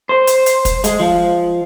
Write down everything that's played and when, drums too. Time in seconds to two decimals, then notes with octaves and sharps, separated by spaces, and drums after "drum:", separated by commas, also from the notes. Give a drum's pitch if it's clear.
0.09 C5
0.27 drum: hi-hat
0.46 drum: hi-hat
0.65 drum: kick, hi-hat
0.84 G#3, drum: hi-hat
1.00 F3